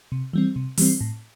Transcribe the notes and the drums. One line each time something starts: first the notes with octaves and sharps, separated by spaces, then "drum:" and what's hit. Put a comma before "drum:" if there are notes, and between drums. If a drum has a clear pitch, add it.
C3
E3 G3 C4
C3
E3 G3 C4, drum: open hi-hat
A2